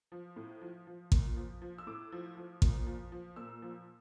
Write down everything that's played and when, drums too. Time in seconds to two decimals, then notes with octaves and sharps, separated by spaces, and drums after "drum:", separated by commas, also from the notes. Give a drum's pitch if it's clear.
0.12 F3
0.36 A2
0.61 F3
0.87 F3
1.12 A#2, drum: kick A1
1.37 F3
1.62 F3
1.78 E6
1.87 A2 D6
2.12 F3
2.37 F3
2.62 A#2, drum: kick A1
2.87 F3
3.12 F3
3.36 A#2 E6
3.62 F3